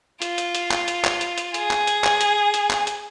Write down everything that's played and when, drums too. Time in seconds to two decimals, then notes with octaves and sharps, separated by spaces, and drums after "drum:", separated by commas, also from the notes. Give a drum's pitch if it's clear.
0.22 F4, drum: hi-hat
0.38 drum: hi-hat
0.55 drum: hi-hat
0.71 drum: clap
0.88 drum: hi-hat
1.04 drum: clap
1.21 drum: hi-hat
1.38 drum: hi-hat
1.54 G#4, drum: hi-hat
1.71 drum: clap
1.87 drum: hi-hat
2.04 drum: clap
2.21 drum: hi-hat
2.54 drum: hi-hat
2.70 drum: clap
2.87 drum: hi-hat